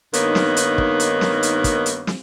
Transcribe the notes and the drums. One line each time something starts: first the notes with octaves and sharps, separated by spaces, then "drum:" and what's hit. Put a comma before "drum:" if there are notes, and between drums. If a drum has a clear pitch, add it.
G2 D#3 A#3 B3 D#4 C#5, drum: hi-hat
drum: snare
drum: hi-hat
drum: kick
drum: hi-hat
drum: snare
drum: hi-hat
drum: kick, hi-hat
drum: hi-hat
drum: snare